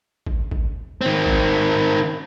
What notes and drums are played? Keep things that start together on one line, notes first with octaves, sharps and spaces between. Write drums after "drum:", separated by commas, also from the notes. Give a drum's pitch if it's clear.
drum: kick
drum: kick
D#3 C4
drum: kick